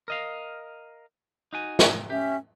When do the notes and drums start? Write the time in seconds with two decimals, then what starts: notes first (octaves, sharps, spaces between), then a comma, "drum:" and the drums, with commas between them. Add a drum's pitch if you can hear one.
0.08 A#4 D#5 F5
1.53 D#4 F#4 G#5
1.79 drum: snare
2.10 C#4 G4 E5